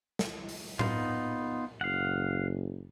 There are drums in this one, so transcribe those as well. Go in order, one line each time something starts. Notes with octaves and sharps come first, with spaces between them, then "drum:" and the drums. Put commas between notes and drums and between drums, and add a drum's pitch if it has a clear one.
drum: snare
drum: open hi-hat
B3 D#4 F4, drum: tom A2
F#1 F5 F#5